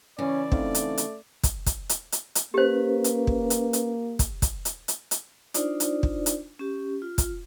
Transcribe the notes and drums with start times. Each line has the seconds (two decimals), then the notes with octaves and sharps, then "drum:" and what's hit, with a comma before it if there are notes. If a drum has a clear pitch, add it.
0.19 C#3 E3 C#4 D5
0.52 A3 C4 D#4 F5, drum: kick
0.75 drum: hi-hat
0.98 drum: hi-hat
1.43 drum: kick, hi-hat
1.66 drum: kick, hi-hat
1.89 drum: hi-hat
2.12 drum: hi-hat
2.35 drum: hi-hat
2.54 A#3 C#4 G4 B4 C5
3.04 drum: hi-hat
3.27 drum: kick
3.50 drum: hi-hat
3.73 drum: hi-hat
4.19 drum: kick, hi-hat
4.42 drum: kick, hi-hat
4.65 drum: hi-hat
4.88 drum: hi-hat
5.11 drum: hi-hat
5.54 D4 D#4 F4 C5 D5, drum: hi-hat
5.80 drum: hi-hat
6.03 drum: kick
6.26 drum: hi-hat
6.59 C#4 G4
7.02 F4
7.18 drum: kick, hi-hat